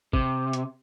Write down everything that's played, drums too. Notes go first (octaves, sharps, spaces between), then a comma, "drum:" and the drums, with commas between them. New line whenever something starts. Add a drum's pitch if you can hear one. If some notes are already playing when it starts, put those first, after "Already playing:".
C3, drum: kick
drum: hi-hat